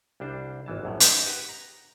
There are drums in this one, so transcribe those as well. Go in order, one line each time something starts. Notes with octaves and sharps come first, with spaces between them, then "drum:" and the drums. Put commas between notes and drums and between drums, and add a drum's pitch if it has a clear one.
C2 G3 D4 C5
G#1 E3 A5
A#1 F#2 A2
D#4 G#4, drum: hi-hat
G4 B4 F#5
A#5